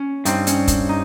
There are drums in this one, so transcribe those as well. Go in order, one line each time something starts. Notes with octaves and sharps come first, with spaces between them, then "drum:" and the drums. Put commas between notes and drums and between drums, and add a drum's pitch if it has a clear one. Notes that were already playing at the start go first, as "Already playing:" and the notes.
Already playing: C#4
G2 G3 C4 D#4, drum: hi-hat
C#4, drum: hi-hat
drum: kick, hi-hat
D#4